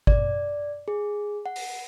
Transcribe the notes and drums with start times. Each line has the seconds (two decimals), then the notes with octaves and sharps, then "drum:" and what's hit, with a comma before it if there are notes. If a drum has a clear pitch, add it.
0.07 D5, drum: kick G#1
0.88 G#4
1.46 F#5
1.56 drum: open hi-hat